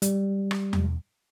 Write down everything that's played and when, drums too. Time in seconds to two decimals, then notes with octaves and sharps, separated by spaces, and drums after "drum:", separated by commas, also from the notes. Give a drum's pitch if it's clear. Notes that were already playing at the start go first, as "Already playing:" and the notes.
0.02 G3, drum: hi-hat
0.51 drum: rim click
0.73 drum: tom E2